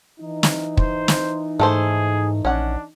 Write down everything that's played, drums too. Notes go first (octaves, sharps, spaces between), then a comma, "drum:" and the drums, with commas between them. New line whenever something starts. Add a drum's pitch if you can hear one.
E3 D#4
drum: snare
C5, drum: kick
drum: snare
G#2 A3 G#4 A4 C5
A#1 C#4 D4 F#5